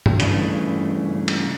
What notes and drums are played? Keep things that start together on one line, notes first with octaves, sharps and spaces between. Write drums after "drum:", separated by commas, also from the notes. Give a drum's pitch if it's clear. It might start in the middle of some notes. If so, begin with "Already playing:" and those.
drum: tom G2
G2 C#3 E3 A3 D4, drum: hi-hat
drum: cymbal